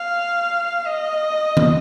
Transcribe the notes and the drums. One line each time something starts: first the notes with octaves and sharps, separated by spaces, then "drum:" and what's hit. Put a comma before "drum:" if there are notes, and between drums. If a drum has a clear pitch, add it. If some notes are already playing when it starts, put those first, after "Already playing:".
Already playing: F5
D#5
drum: tom D#3